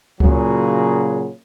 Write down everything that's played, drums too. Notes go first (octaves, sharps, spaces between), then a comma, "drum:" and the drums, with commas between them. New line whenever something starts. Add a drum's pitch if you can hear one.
A#2 C#3 F#3 F#4 G#4, drum: kick C#2